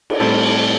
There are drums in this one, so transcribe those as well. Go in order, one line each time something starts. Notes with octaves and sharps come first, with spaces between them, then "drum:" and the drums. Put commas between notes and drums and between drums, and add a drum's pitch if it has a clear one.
drum: cymbal
A2 G3 C4 A4